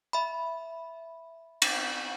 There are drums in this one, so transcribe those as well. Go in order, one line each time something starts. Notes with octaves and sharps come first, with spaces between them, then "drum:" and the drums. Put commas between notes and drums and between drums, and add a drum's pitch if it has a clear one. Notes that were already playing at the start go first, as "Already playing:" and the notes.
E5 B5
drum: cymbal